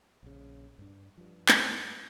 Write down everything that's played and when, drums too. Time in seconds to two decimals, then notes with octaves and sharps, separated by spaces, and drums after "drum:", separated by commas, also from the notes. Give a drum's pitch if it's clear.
0.23 A#1 C#3
0.78 G2 D4
1.17 G2 F3
1.48 drum: clap